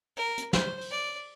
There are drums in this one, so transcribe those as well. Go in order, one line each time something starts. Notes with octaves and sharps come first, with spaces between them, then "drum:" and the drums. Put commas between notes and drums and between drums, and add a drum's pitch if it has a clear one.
A#4
drum: hi-hat
C5, drum: snare
drum: open hi-hat
D5